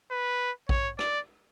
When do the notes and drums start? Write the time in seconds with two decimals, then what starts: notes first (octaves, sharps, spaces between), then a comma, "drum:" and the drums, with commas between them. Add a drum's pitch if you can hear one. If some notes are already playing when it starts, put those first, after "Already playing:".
0.11 B4
0.69 C#5, drum: kick A#1
0.99 D5, drum: rim click